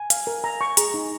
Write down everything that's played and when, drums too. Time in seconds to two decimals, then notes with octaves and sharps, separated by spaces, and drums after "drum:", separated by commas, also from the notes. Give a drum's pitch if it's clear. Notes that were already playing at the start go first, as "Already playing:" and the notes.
Already playing: G#5
0.10 F5, drum: hi-hat
0.27 A#4
0.44 A#5
0.61 C#6
0.77 G#4 A#5, drum: hi-hat
0.94 D#4